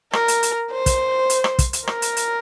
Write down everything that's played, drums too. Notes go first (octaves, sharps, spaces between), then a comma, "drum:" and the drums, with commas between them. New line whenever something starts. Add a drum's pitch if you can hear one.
A#4, drum: rim click
drum: hi-hat
drum: hi-hat
C5
drum: kick, hi-hat
drum: hi-hat
drum: rim click
drum: kick, hi-hat
drum: hi-hat
A#4, drum: rim click
drum: hi-hat
drum: hi-hat